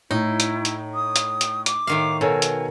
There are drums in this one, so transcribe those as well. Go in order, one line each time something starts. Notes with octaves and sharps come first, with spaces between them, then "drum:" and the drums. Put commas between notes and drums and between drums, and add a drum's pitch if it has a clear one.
A2 D#4 E4
drum: hi-hat
drum: hi-hat
D#6
drum: hi-hat
drum: hi-hat
D6, drum: hi-hat
A2 D#3 F5
B2 A4 A#4 C#5 G#5
drum: hi-hat